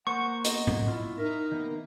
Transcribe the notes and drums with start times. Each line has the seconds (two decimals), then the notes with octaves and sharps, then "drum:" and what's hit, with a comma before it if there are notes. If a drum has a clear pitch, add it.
0.07 A#3 C5 F#5 C#6
0.45 B3 D#5, drum: hi-hat
0.67 drum: tom A2
0.88 E4 F4
1.18 D#4 A#4 D#5 E5
1.51 D#3 A#3 B3